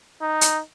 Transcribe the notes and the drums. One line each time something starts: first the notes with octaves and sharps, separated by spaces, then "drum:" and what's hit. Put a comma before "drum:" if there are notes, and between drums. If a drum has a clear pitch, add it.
D#4
drum: hi-hat